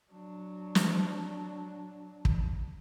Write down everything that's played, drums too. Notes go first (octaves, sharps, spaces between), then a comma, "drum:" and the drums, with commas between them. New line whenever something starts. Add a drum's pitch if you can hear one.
F#3 D4
drum: snare
drum: kick